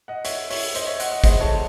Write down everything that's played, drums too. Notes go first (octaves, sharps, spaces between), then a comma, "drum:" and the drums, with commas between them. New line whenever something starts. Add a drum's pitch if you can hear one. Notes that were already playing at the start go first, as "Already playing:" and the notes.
D#5 F#5
C#5 E5, drum: hi-hat
C#5 E5, drum: open hi-hat
C5 D#5, drum: hi-hat
C#5 E5
D#5 F#5, drum: hi-hat
D#5 F#5
A2 G#3 C5 D#5, drum: kick, hi-hat
A4 C#5